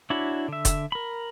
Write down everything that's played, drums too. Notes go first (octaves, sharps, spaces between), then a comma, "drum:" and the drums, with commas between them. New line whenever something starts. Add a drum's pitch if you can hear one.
D4 E4 F#4 C#5 B5
D3 E5
drum: kick F1, hi-hat
A#4 B5